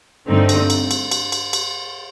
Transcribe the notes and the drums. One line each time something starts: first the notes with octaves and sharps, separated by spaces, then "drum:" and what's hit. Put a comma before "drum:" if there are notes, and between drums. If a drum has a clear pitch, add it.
G2 D3 A3 C4 D#4
drum: cymbal
drum: cymbal
drum: cymbal
drum: cymbal
drum: cymbal
drum: cymbal